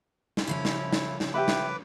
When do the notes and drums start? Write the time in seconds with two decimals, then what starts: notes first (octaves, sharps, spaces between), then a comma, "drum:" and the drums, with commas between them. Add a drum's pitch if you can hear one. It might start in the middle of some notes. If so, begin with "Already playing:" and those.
0.37 drum: snare
0.47 C#3 F3 C#4 E4
0.65 drum: snare
0.93 drum: snare
1.20 drum: snare
1.34 G4 B4 E5 B5 D6
1.48 drum: snare